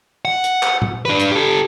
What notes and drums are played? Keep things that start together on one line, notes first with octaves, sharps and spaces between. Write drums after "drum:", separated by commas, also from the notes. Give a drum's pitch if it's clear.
F#5
drum: hi-hat
drum: clap
drum: tom A#2
D4 B4
drum: hi-hat
G4 A4